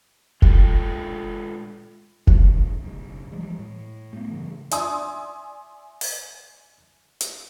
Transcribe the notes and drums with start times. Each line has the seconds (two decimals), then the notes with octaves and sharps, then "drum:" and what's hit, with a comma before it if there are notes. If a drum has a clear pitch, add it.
0.42 G#3 F4 A4 G5, drum: kick F1
2.27 F1 C2 D3 F3, drum: kick F1
2.82 F#1 B1
3.32 E3 F3 G3 G#3
3.59 A2
4.13 A3 B3
4.29 G2 C#3 E3
4.71 D5 E5 G#5 C6 D#6 E6, drum: hi-hat
6.01 drum: open hi-hat
7.21 drum: hi-hat